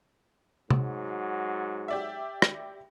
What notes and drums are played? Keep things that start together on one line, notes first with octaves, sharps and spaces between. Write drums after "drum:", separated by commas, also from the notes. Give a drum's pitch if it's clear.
G#2 F#3 F#4, drum: tom
G4 D5 E5
drum: rim click